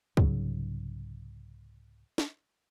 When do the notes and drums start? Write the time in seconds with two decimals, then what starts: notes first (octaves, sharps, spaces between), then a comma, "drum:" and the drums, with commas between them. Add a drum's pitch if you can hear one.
0.17 C2 G#2 C#3 F#3, drum: kick
2.18 drum: snare